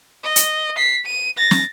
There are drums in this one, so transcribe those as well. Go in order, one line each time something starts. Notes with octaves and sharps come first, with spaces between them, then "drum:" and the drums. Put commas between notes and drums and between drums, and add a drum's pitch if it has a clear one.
D#5
drum: hi-hat
B6 C7
D#7
A6 A#6
drum: snare